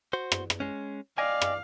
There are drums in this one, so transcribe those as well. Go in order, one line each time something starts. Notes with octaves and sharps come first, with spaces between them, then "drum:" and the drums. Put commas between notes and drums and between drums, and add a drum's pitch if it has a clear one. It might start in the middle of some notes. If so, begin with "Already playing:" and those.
F#4 C5
drum: rim click
drum: rim click
G#3 C#4
D5 D#5 F5 G5 G#5
drum: rim click